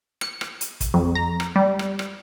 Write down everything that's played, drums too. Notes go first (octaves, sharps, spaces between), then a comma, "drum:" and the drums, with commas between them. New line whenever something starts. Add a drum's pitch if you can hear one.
C#7, drum: rim click
drum: rim click
drum: hi-hat
drum: kick, hi-hat
F2
A#5
drum: rim click
G3
drum: rim click
drum: rim click